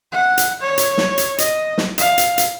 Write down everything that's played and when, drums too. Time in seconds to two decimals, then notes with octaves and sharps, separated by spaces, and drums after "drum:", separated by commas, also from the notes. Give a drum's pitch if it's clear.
0.12 F#5
0.38 drum: hi-hat
0.61 C#5
0.78 drum: hi-hat
0.98 drum: snare
1.18 drum: hi-hat
1.38 D#5, drum: hi-hat
1.78 drum: snare
1.98 F5, drum: hi-hat
2.18 drum: hi-hat
2.38 drum: hi-hat